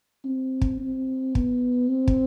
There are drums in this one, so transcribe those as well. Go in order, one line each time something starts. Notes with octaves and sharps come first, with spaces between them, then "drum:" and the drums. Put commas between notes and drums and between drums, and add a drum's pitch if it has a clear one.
C4
drum: kick
C4
B3, drum: kick
C4
drum: kick